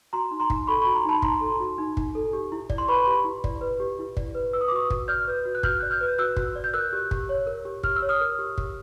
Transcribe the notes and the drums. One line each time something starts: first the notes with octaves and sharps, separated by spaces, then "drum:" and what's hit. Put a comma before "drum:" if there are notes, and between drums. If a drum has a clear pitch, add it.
F#4 A#5 C6
D#4
A#5 C6
D#4, drum: kick
A4 B5 C#6
B5 C#6
F#4
A#5 C6
D#4 A5 B5
D#4 A#5 C6, drum: kick
A4
F#4
D#4
D#4, drum: kick
A4
G4
E4
D5, drum: kick
C6
B4 B5 C#6
G4
E4
D5, drum: kick
B4
G4
E4
D5, drum: kick
B4
B4 E6
D#6
D6
F#4 C#6 D#6
F#4, drum: kick
D5 F6 G6
B4
F#4
F#6
F#4 F6 G6, drum: kick
D5 F#6
F6 G6
B4
F#4 E6 F#6
F#4, drum: kick
D5
G6
A#4 E6 F#6
G4
G4, drum: kick
C#5
A#4
G4
G4 F6, drum: kick
E6
C#5
D#6 F6
A#4
G4
G4, drum: kick